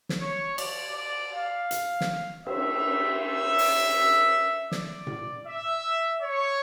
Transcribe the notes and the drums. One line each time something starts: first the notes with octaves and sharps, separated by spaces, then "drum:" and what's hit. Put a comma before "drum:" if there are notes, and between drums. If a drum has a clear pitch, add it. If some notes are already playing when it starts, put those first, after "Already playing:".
drum: snare
C#5
D5, drum: cymbal
D5
F5
drum: hi-hat
drum: snare
E5, drum: cymbal
E5
drum: open hi-hat
D5, drum: snare
drum: tom A2
E5
C#5